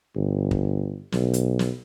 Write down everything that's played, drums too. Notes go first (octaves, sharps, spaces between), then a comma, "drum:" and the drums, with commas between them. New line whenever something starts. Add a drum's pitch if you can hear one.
G1
drum: kick
B1, drum: snare
drum: hi-hat
drum: snare